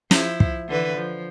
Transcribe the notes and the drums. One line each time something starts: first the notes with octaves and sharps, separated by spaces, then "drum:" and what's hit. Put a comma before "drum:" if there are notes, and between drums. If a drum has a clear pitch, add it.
F3 E4, drum: snare
drum: kick
D3 E3 B4
F3